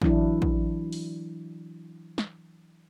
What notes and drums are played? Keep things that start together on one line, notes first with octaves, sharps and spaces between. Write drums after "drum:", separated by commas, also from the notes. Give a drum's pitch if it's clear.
E3 F#3 D4 E4, drum: kick
drum: kick
drum: open hi-hat
drum: snare